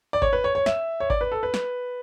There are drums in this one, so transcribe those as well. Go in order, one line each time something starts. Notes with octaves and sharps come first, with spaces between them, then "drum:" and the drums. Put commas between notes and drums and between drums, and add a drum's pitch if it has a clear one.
D5
C#5, drum: kick G#1
B4
C#5
C#5
E5, drum: snare
C#5
D5, drum: kick G#1
B4
A4
B4
drum: snare